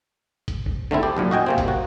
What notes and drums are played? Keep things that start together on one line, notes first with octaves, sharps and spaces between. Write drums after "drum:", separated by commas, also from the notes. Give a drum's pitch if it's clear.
drum: kick, hi-hat
drum: kick
D3 A3 C4 E4
G4
B1 F#2 A#2
F#4 D#5 G5 G#5
C3 A#3 C4
drum: kick, hi-hat
F#4